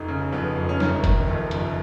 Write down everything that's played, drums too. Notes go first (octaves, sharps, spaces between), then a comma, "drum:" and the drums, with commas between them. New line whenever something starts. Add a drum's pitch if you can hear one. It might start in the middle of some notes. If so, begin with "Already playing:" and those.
Already playing: F1 D#4
C#3
F2 B3
F1
C#4
F#1 D#4, drum: snare
D#3, drum: kick F#1, hi-hat
F2
F#1, drum: hi-hat